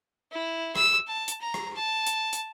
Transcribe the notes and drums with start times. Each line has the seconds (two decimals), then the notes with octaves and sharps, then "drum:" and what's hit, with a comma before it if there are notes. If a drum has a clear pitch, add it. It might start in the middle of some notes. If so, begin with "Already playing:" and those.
0.32 E4
0.76 E6, drum: rim click
1.07 A5
1.28 drum: hi-hat
1.41 A#5
1.54 drum: rim click
1.76 A5
2.07 drum: hi-hat
2.33 drum: hi-hat